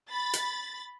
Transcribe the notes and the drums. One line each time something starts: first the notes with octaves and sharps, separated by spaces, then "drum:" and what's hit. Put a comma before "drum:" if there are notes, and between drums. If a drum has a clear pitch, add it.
B5 A6
drum: hi-hat